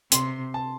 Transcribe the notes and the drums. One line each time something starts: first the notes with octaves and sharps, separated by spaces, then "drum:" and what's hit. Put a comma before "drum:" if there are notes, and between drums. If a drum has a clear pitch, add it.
C3 C6, drum: hi-hat
A5